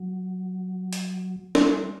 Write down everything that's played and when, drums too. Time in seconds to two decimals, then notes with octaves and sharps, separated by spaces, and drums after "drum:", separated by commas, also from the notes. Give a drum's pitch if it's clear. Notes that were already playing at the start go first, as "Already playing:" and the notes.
Already playing: F#3
0.93 drum: hi-hat
1.55 G3, drum: snare